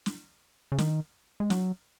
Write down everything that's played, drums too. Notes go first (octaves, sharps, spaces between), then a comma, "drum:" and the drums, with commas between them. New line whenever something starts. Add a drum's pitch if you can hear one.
drum: snare
C#3
D#3, drum: snare
G#3
F#3, drum: snare